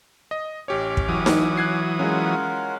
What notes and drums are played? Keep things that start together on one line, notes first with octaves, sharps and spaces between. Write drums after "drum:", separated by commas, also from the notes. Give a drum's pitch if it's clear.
D#5
A1 C#4 G4 C#5 D6
drum: kick
E3 F#3 D#6
drum: snare D#4
F#6 G#6 C7
G#3 C#4 F4 A#4 F#5